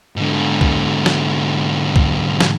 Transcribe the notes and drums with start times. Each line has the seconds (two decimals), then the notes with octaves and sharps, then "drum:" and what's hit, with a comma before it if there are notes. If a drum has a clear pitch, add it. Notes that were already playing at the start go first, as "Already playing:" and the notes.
0.16 G#2 D3
0.61 drum: kick C2
1.06 drum: snare
1.96 drum: kick C2
2.41 drum: snare